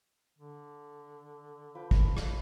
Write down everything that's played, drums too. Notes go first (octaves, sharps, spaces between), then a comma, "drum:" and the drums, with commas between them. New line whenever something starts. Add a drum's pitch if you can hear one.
D3
F3 B4 G5
drum: kick
drum: rim click